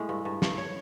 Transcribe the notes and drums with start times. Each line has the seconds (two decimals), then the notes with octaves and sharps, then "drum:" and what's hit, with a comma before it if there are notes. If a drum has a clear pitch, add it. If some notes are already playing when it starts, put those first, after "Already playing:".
Already playing: A2 G#3
0.09 G2
0.25 G2
0.42 G2, drum: snare
0.58 C#5